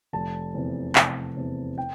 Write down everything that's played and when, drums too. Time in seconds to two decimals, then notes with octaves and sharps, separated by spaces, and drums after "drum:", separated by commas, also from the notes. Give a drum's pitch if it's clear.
0.13 F1 A5
0.54 E2 C3
0.95 F1, drum: clap
1.37 E2 C3
1.78 G5